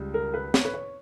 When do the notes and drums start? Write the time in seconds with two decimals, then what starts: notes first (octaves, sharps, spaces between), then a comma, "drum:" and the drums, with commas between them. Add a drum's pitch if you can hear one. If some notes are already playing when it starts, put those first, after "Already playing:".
Already playing: C#2 G3
0.14 A#4
0.34 B4
0.54 C#5, drum: snare
0.65 B4
0.74 C#5